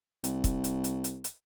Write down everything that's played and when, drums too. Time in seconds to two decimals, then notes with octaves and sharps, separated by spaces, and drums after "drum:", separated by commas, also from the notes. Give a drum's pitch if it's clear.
0.24 C2, drum: hi-hat
0.44 drum: kick, hi-hat
0.64 drum: hi-hat
0.84 drum: hi-hat
1.04 drum: hi-hat
1.24 drum: hi-hat